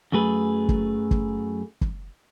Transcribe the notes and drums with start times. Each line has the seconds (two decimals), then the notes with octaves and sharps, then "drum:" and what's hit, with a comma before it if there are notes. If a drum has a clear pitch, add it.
0.12 F#2 F#3 A3 G#4 B4
0.69 drum: kick
1.11 drum: kick
1.81 drum: kick